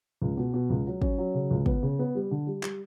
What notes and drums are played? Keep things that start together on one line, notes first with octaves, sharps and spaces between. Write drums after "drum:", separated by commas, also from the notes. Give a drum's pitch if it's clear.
C#2
B2
B2
C#2
F#3
C#4, drum: kick
F#3
C#3
C#2
B3, drum: kick
C#3
B3
G3
D3
G3
G3, drum: clap